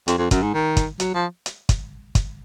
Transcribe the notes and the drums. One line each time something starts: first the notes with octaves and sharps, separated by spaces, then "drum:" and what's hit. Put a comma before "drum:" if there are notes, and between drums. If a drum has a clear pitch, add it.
F2, drum: hi-hat
F2
F#2, drum: kick, hi-hat
G#2
D#3
drum: kick, hi-hat
F#3, drum: hi-hat
F3
drum: hi-hat
drum: kick, hi-hat
drum: kick, hi-hat